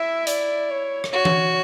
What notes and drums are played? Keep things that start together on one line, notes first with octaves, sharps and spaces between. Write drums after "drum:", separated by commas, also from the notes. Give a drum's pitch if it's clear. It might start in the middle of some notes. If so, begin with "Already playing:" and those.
Already playing: E4 E5
D5, drum: hi-hat
C#5
drum: rim click
F#4 C#5
drum: tom E3